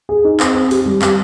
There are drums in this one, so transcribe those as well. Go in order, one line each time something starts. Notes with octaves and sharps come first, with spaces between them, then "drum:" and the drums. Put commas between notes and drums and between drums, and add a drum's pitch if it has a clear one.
G#4
D#4
C4, drum: clap
C4
G4, drum: open hi-hat
G3
G3, drum: clap